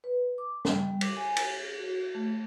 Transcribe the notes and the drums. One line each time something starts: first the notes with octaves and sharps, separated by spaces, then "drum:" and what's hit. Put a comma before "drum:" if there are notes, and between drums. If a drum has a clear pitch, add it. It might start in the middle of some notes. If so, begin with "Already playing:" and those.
B4
D6
G3, drum: snare
D6, drum: cymbal
G#5
drum: cymbal
G#4
F#4
A3